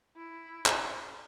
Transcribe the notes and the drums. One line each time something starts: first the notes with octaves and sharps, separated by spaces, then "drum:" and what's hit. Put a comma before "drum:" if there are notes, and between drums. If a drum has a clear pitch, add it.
E4
drum: clap